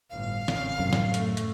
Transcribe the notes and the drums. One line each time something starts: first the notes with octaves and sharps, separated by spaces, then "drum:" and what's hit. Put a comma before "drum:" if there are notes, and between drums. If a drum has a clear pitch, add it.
G1 A2 F5
G#1 C#3, drum: snare
F#2 A2 C3
drum: snare
A3, drum: hi-hat
drum: hi-hat